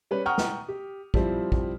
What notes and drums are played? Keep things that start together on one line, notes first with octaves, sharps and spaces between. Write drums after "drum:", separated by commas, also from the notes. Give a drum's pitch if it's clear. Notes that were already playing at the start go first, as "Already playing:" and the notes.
G3 C#4 B4 C#5
F#5 G5 A#5 C#6 D#6 F6
drum: snare
G4
F3 G3 C4 E4, drum: kick
drum: kick